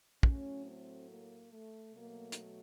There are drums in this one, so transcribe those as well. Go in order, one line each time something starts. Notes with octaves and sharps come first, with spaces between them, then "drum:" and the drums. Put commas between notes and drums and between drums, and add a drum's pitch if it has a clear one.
A2 F#3 A3 C#4, drum: kick
C4
A#3
A3
B2 F#3 A3 A#3
drum: hi-hat